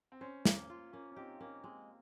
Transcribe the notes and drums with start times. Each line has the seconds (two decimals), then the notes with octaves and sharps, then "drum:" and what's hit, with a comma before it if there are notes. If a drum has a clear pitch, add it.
0.12 C4
0.21 C#4 C5
0.45 A#3, drum: snare
0.70 F4
0.93 A#3 C#4
1.12 C#4
1.16 C4 D#4 G4
1.41 A#3 C#4
1.64 G#3 C4